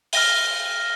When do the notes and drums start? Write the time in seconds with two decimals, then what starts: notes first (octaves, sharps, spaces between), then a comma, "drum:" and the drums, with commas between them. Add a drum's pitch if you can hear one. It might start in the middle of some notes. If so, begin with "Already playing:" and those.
0.13 F6 A#6 G7, drum: open hi-hat